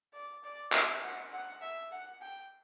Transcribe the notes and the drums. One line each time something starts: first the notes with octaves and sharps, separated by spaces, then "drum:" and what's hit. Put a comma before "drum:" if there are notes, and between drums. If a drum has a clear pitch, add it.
D5
D5
E5, drum: clap
F#5
F#5
E5
F#5
G5